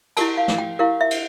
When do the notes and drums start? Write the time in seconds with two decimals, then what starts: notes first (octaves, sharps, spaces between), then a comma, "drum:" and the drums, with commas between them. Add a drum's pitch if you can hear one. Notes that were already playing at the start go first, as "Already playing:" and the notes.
0.17 E4 G4 A#4 A5, drum: cymbal
0.37 F5
0.48 drum: snare
0.58 G5
0.79 E4 G4 A#4 F5
1.01 E5
1.11 drum: cymbal